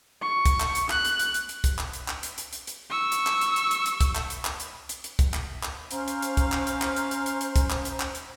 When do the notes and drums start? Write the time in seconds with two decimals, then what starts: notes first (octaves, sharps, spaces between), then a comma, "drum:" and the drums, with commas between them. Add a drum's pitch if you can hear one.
0.22 C#6
0.45 drum: kick, hi-hat
0.60 drum: clap
0.75 drum: hi-hat
0.90 F#6, drum: clap
1.05 drum: hi-hat
1.19 drum: hi-hat
1.34 drum: hi-hat
1.49 drum: hi-hat
1.64 drum: kick, hi-hat
1.79 drum: clap
1.93 drum: hi-hat
2.08 drum: clap
2.23 drum: hi-hat
2.38 drum: hi-hat
2.53 drum: hi-hat
2.67 drum: hi-hat
2.90 C#6 E6
3.12 drum: hi-hat
3.27 drum: clap
3.41 drum: hi-hat
3.56 drum: hi-hat
3.71 drum: hi-hat
3.86 drum: hi-hat
4.01 drum: kick, hi-hat
4.15 drum: clap
4.30 drum: hi-hat
4.45 drum: clap
4.60 drum: hi-hat
4.89 drum: hi-hat
5.04 drum: hi-hat
5.19 drum: kick, hi-hat
5.34 drum: clap
5.63 drum: clap
5.91 C#4 C5 F5 A#5, drum: hi-hat
6.08 drum: hi-hat
6.22 drum: hi-hat
6.37 drum: kick, hi-hat
6.52 drum: clap
6.67 drum: hi-hat
6.82 drum: clap
6.96 drum: hi-hat
7.11 drum: hi-hat
7.26 drum: hi-hat
7.41 drum: hi-hat
7.56 drum: kick, hi-hat
7.70 drum: clap
7.85 drum: hi-hat
8.00 drum: clap
8.15 drum: hi-hat